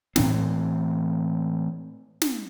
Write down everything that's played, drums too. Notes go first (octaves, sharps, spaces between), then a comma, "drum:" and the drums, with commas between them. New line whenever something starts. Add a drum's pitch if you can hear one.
A2 E3 C4, drum: snare
drum: snare